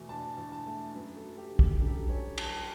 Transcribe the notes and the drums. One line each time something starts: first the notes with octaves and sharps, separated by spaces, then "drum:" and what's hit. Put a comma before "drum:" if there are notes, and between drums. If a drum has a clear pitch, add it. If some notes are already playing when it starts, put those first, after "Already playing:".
Already playing: E2 B2 A3
D4 A5
E2
A5
A3
F#2 B4
A4
F#3
G4
D3
G4, drum: kick A#1
F#2 A4
G4
A4
F#2 C#5
F#3 A5, drum: cymbal